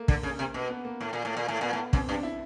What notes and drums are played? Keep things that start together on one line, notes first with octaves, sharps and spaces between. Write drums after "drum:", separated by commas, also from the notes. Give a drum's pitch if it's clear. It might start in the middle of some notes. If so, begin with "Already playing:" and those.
Already playing: A3 A#3
D3, drum: kick
C#3
C3
B2
B3
A#3
A2
A#2
A2
A#2
A2
A#2 B3
A2
F#2 C4, drum: kick
G2 D4
E4